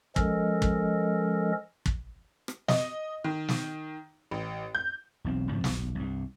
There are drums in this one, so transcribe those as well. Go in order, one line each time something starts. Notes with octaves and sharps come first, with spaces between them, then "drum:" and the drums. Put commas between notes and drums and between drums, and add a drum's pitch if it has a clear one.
F3 G#3 C#4 A4 A#4 D#5, drum: kick
drum: kick
drum: kick
drum: rim click
D#5, drum: snare
D#3
drum: snare
A1
G6
E1 B1 C4
G#2 C#3 F3 C4
D#1 B1, drum: snare
C2 G2